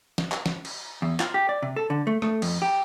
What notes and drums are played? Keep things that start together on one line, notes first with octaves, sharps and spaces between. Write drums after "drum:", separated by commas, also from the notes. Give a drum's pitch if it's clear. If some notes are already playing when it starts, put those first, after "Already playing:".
drum: snare
drum: clap
drum: snare
drum: cymbal
E2
F4, drum: clap
G4
D5
C3
A4
D3
A3
A3, drum: rim click
F2, drum: cymbal
G4